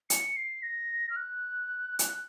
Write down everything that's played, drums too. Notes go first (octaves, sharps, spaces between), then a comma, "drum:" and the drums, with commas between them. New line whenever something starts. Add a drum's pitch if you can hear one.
C#7, drum: hi-hat
C7
A#6
F6
F#6
drum: hi-hat